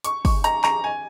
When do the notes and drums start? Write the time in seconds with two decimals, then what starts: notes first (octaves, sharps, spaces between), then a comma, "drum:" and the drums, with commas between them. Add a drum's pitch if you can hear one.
0.04 C#6, drum: hi-hat
0.25 C#6, drum: kick, open hi-hat
0.44 A#5, drum: hi-hat
0.64 A#5, drum: clap
0.84 G#5